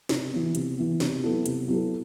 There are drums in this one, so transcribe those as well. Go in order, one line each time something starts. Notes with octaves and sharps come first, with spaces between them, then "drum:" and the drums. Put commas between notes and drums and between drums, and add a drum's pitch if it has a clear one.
C3, drum: snare
E3 B3
C3, drum: hi-hat
E3 B3
C3, drum: snare
F#3 B3 E4 A4
C3, drum: hi-hat
F#3 B3 E4 A4